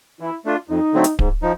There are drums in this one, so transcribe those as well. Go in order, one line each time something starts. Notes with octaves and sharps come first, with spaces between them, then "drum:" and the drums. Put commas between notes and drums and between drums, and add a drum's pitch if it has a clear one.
E3 E4
A3 D4 F4
F2 D#4
D3 F#3 A3 C4
drum: hi-hat
G#2, drum: kick D1
F3 D#4